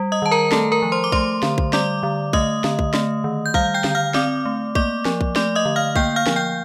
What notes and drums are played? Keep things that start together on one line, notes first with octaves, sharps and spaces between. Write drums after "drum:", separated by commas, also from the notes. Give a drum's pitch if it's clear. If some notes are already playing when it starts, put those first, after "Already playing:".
Already playing: G3
D#5 D#6
D#3 A5
A#4 A#5
A3 A4 A5, drum: snare
A#4 A#5
F3
C5 C6
D6
A3 C5 C6, drum: kick B1
D3, drum: snare
drum: kick B1
G3 D5 D6, drum: snare
D3
A3 D#5 D#6, drum: kick B1
D3, drum: snare
drum: kick B1
A3, drum: snare
D#3
G6
G3 F5 F6, drum: kick B1
G5 G6
D3, drum: snare
F5 F6
C4 D5 D6, drum: snare
A3
A#3 D5 D6, drum: kick B1
F3, drum: snare
drum: kick B1
A3 D5 D6, drum: snare
D#5 D#6
D3
F5 F6
A#3 G5 G6, drum: kick B1
F5 F6
F3, drum: snare
G5 G6